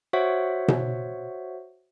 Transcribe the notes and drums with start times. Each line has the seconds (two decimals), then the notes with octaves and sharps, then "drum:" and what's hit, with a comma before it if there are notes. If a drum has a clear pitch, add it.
0.13 F#4 C5 C#5 E5 F#5
0.68 drum: tom B2